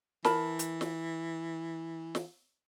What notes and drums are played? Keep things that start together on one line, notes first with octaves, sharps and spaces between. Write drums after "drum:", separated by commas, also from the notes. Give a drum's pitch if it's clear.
E3 A#4 A5 B5, drum: snare
drum: hi-hat
drum: snare
drum: snare